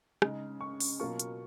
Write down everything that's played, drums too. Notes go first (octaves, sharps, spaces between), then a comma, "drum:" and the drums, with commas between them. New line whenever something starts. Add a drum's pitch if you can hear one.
C#3 G#3 D#4, drum: rim click
C#6
drum: open hi-hat
B2 F#3 A#3 F4 C#6
drum: hi-hat